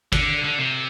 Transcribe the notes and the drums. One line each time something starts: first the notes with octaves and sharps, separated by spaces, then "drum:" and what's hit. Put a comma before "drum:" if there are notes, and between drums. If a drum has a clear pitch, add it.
D3, drum: kick G#1, cymbal
D3
C3